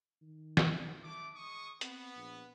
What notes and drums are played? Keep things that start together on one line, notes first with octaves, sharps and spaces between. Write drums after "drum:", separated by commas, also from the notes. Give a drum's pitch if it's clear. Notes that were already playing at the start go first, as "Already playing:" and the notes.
D#3
drum: snare
A3 D6
G#3 C#6 D#6
B3 C4, drum: hi-hat
A#1